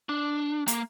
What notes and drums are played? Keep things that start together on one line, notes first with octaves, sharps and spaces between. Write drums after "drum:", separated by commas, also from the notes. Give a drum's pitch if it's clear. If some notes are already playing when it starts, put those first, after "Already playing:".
D4
A#3, drum: hi-hat